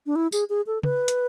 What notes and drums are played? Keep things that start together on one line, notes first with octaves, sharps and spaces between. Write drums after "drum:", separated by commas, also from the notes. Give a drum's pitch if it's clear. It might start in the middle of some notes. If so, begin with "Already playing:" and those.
D4
E4
G#4, drum: tambourine
G#4
A4
B4, drum: tom
drum: hi-hat